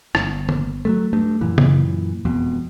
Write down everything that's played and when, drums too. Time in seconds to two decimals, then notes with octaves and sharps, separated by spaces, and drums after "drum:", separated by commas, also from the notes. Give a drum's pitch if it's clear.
0.15 G1, drum: rim click
0.49 drum: tom D3
0.85 F#3 G#3 A3
1.13 G2 A3
1.41 F#2 A#2 E3
1.58 drum: tom C#3
2.25 E1 F2 B2